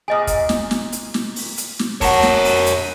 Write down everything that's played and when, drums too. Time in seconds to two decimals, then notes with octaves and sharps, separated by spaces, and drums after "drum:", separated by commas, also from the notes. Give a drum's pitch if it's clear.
0.08 A#2 G#4 D#5 G#5
0.27 drum: kick, hi-hat
0.49 drum: snare
0.71 drum: snare
0.92 drum: hi-hat
1.14 drum: snare
1.36 drum: open hi-hat
1.58 drum: hi-hat
1.79 drum: snare
2.01 A#4 C#5 F#5 A5, drum: kick, open hi-hat
2.23 drum: snare
2.45 drum: open hi-hat
2.66 drum: hi-hat